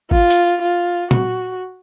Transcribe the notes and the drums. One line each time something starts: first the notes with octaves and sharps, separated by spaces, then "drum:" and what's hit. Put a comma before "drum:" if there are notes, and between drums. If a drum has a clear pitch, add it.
F4, drum: kick G#1
drum: hi-hat
F4
F#4, drum: tom A#2